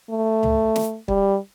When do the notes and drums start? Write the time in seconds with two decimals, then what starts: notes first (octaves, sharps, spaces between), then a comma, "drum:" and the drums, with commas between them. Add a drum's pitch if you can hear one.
0.10 A3
0.43 drum: tom C#2
0.76 drum: snare
1.08 G3, drum: kick